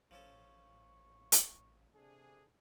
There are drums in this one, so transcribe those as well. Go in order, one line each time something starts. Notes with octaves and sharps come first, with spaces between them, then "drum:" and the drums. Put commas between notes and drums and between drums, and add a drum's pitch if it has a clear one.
A1 F3 C#4 A4 C#6
drum: hi-hat
C3 D4 G#4 A4